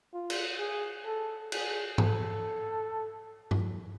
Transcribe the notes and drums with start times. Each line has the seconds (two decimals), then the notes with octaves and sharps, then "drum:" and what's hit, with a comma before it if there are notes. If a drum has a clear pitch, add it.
0.13 F4
0.30 drum: cymbal
0.59 G#4
1.05 A4
1.52 G#4, drum: cymbal
1.98 A4, drum: tom
3.51 drum: tom G2